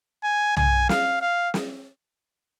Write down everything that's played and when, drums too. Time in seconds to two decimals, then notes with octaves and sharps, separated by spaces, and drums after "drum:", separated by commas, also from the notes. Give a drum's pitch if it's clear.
0.23 G#5
0.57 G#5, drum: tom
0.89 F5, drum: snare
1.21 F5
1.54 drum: snare